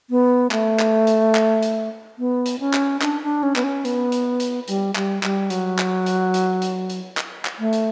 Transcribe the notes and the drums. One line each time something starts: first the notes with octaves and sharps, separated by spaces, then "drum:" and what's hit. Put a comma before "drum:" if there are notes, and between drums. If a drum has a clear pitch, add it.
B3
A3, drum: clap
drum: clap
drum: hi-hat
drum: clap
drum: hi-hat
B3
drum: hi-hat
C#4
drum: clap
D4, drum: clap
D4
C#4
B3, drum: clap
C#4
B3, drum: hi-hat
drum: hi-hat
drum: hi-hat
G3, drum: hi-hat
G3, drum: clap
G3, drum: clap
F#3, drum: hi-hat
drum: clap
drum: hi-hat
drum: hi-hat
drum: hi-hat
drum: hi-hat
drum: clap
drum: clap
A3
drum: hi-hat